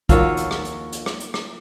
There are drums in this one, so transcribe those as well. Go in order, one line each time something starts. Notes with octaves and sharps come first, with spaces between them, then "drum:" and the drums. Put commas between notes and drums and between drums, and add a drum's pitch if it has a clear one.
D#2 F3 A#3 F4 F#4 C#5 E6, drum: kick, hi-hat
drum: hi-hat
drum: rim click
drum: hi-hat
drum: hi-hat
drum: rim click
drum: hi-hat
drum: rim click